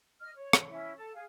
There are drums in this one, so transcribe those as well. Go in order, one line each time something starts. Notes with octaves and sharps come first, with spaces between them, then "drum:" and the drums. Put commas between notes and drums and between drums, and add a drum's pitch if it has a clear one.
D#5 F6
C#5
drum: rim click
C#4 E4 E5
A4 A5
G#4 F5